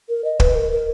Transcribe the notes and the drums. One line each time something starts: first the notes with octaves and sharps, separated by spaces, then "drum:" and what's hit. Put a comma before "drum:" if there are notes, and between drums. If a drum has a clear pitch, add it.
A#4
D#5
B4, drum: kick
A#4
A#4